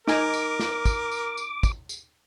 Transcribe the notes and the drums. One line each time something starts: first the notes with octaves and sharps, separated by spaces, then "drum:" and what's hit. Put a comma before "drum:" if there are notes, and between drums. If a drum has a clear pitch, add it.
D#4 A#4 G#5 A#5 D6, drum: snare
drum: tambourine
drum: snare
drum: kick, tambourine
drum: tambourine
drum: tambourine
drum: kick, tambourine
drum: tambourine